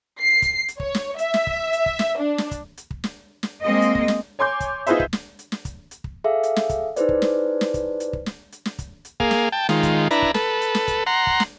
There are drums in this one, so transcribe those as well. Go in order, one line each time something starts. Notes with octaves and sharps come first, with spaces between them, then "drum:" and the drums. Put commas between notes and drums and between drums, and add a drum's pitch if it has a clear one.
C7
drum: kick, hi-hat
drum: hi-hat
C#5, drum: kick
drum: snare
E5, drum: hi-hat
drum: snare
drum: kick
drum: hi-hat
drum: kick
drum: snare
D4
drum: snare
drum: kick, hi-hat
drum: hi-hat
drum: kick
drum: snare
drum: snare
G#3 A#3 C4 D#5
drum: hi-hat
drum: kick
drum: snare
C#5 G#5 C6 D6 G6
drum: kick, hi-hat
D#4 F4 G#4 B4 C5 E5, drum: hi-hat
drum: kick
drum: snare
drum: hi-hat
drum: snare
drum: kick, hi-hat
drum: hi-hat
drum: kick
G#4 A4 E5 F5
drum: hi-hat
drum: snare
drum: kick, hi-hat
D#4 E4 G#4 B4 C5 D5, drum: hi-hat
drum: kick
drum: snare
drum: snare
drum: kick, hi-hat
drum: hi-hat
drum: kick
drum: snare
drum: hi-hat
drum: snare
drum: kick, hi-hat
drum: hi-hat
A#3 G#4 F5, drum: kick
drum: snare
G5 A5
D#3 G#3 F4, drum: snare
drum: kick, hi-hat
D4 E4 B4 A#5, drum: hi-hat
drum: kick
A4 B4, drum: snare
drum: hi-hat
drum: snare
drum: kick, hi-hat
F#5 A#5 C6
drum: kick
drum: snare